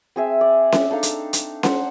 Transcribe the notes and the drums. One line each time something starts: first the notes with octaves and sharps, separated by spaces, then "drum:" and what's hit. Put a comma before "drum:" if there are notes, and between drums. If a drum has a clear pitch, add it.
C4 G#4 E5
D5
drum: snare C#4
D4 D#4 A4 F5
drum: hi-hat
drum: hi-hat
C5 F#5, drum: snare C#4